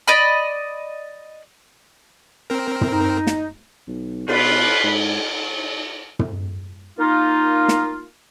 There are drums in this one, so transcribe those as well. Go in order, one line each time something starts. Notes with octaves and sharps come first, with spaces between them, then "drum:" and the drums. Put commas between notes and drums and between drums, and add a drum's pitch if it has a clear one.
D5 D#5 B5
C4 A#4
drum: tom
D#4
drum: snare
B1
B2 F4 B4, drum: cymbal
G#2
drum: tom
A#3 D#4 F4
drum: snare